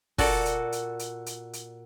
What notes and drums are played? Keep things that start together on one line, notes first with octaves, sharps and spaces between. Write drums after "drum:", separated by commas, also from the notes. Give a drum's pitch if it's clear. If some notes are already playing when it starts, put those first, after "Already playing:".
A#2 F#4 A4 D5, drum: kick, open hi-hat
drum: hi-hat
drum: hi-hat
drum: hi-hat
drum: hi-hat
drum: hi-hat